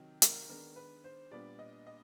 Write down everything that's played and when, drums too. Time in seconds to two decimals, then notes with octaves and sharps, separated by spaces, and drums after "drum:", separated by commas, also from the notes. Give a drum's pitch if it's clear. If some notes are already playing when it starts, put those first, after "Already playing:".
Already playing: C3 D#3 F#3
0.22 A#4, drum: hi-hat
0.49 D#3 G#3 B3 D4 A#4
0.76 B4
1.04 C5
1.31 A#2 G3 B3 D4 D5
1.59 D#5
1.87 D#5